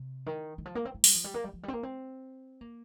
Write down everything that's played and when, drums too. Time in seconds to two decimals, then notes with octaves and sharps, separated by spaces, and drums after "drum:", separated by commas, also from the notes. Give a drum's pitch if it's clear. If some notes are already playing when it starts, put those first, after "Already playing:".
Already playing: C3
0.26 D#3
0.58 D#3
0.65 F3
0.75 A#3
0.85 C4
0.95 A#3
1.04 G3, drum: open hi-hat
1.14 F3
1.24 G3
1.34 A#3
1.44 G3
1.53 F3
1.63 G3
1.68 C4
1.73 A#3
1.83 C4
2.61 A#3